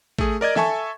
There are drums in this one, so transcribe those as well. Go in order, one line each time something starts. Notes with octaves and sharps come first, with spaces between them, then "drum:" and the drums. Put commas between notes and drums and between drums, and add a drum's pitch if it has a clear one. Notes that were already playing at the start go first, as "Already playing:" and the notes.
A3 G#4, drum: kick A1
A#4 D5 D#5 G#6
A4 E5 G#5 A5 C#6, drum: snare